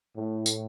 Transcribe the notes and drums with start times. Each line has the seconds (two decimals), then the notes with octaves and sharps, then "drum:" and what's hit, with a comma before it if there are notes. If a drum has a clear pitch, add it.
0.16 A2
0.46 drum: tambourine